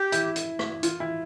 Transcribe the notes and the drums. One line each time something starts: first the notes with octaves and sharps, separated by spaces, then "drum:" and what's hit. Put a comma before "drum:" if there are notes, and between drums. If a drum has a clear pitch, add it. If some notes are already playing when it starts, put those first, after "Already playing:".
Already playing: G4
E4, drum: hi-hat
drum: hi-hat
drum: rim click
F4, drum: hi-hat
E4